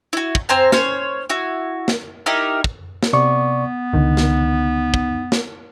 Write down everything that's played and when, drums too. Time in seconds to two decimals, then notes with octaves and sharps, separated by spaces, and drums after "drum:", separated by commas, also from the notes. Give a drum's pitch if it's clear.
0.13 E4 F#4
0.35 drum: kick
0.49 C4 C5 G#5 A#5
0.72 C#4 C5 C#5, drum: snare
1.29 E4 F#4
1.88 drum: snare
2.26 D#4 E4 G4 A#4
2.64 drum: kick
3.03 drum: snare
3.13 C3 B3 D5 C#6
3.93 C#2 D3 D#3 D#4
4.17 drum: snare
4.94 drum: kick
5.32 drum: snare